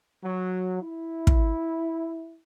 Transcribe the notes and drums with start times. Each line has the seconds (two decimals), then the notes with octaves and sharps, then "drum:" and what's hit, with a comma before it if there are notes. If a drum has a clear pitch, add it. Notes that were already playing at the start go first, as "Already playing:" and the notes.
0.24 F#3
0.82 E4
1.27 drum: kick